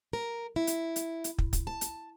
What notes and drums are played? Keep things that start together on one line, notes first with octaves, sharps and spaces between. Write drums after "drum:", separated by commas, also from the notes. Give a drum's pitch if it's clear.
A#4
E4
drum: hi-hat
drum: hi-hat
drum: hi-hat
drum: kick
drum: kick, hi-hat
A5
drum: hi-hat